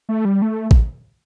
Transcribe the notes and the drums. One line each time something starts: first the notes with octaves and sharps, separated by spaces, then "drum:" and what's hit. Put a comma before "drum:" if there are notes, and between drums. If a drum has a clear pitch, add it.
A3
G3
A3
drum: kick A1